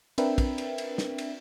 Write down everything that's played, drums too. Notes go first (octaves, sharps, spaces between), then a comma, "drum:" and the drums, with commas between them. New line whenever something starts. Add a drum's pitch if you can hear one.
C4 D4 A#4 B4 E5 G5, drum: cymbal
drum: kick, cymbal
drum: cymbal
drum: cymbal
drum: snare
drum: cymbal